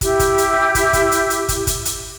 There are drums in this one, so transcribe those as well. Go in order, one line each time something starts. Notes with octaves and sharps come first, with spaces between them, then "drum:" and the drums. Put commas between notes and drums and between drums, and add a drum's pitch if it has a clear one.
E4 G4, drum: kick, hi-hat
drum: kick, hi-hat
drum: hi-hat
drum: kick, hi-hat
drum: kick, hi-hat
drum: hi-hat
drum: hi-hat
drum: kick, hi-hat
drum: kick, hi-hat
drum: hi-hat